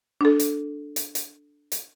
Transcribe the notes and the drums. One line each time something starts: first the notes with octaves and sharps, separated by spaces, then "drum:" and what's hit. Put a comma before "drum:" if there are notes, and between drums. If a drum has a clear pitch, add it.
D4 A4
drum: hi-hat
drum: hi-hat
drum: hi-hat
drum: hi-hat